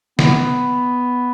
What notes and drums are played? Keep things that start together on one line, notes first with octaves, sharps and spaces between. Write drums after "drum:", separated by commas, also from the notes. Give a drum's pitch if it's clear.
B3, drum: snare